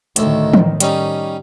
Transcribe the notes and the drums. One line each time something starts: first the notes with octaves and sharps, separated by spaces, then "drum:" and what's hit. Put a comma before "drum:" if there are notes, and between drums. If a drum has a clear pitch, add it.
D2 A2 D#3 A3, drum: hi-hat
drum: tom E3
G3 C#4 D#4, drum: hi-hat